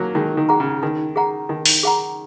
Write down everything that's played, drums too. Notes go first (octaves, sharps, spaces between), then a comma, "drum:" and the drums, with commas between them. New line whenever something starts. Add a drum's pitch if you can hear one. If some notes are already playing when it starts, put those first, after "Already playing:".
Already playing: F#3 A#3 C#4
D#3 G#3 D#4
D#3
G#4 F#5 A#5
C#3
D#3 D#4
G#4 F#5 A#5
D#3 D#4
drum: open hi-hat
G#4 F#5 A#5